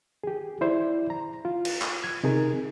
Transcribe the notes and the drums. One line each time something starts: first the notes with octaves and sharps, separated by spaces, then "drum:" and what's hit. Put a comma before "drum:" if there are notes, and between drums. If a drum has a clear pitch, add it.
G4 G#4
E4 C5 D5
A#5
F4
drum: cymbal
drum: clap
G#6
C3 D#4 G#4 A#4